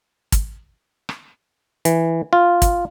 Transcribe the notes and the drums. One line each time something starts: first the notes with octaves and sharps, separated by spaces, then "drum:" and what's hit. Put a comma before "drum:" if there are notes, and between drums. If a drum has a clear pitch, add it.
drum: kick, hi-hat
drum: rim click
E3, drum: hi-hat
F4
drum: kick, hi-hat